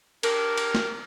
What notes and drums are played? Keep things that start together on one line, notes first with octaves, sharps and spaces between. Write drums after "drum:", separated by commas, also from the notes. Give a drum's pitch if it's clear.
D4 G4 A#4, drum: cymbal
drum: cymbal
drum: snare